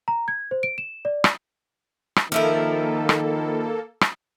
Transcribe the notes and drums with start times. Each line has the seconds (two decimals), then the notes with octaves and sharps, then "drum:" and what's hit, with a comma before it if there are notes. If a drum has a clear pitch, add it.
0.08 A#5
0.28 G#6
0.51 C5
0.63 D7
0.78 E7
1.05 D5
1.24 drum: rim click
2.16 drum: rim click
2.32 D#3 F3 A#3 E4 A4 A#4
3.09 drum: rim click
4.01 drum: rim click